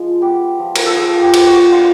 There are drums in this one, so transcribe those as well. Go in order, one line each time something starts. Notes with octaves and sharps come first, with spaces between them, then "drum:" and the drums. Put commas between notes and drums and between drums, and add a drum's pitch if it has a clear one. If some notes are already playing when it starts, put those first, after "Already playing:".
Already playing: F3 G#3
B3 G4
F3
A#4, drum: cymbal
A4
F3 G#4
G4
A#3, drum: cymbal
F#4
D4 F4